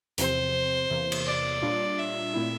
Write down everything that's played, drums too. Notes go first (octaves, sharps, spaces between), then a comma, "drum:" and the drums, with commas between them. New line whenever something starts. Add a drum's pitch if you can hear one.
E2 C3 F3 C4 C5, drum: hi-hat
E2 C3 E3 A#3
drum: cymbal
D5
A#2 G3 D4 F4
E5
A#2 A3 C4 E4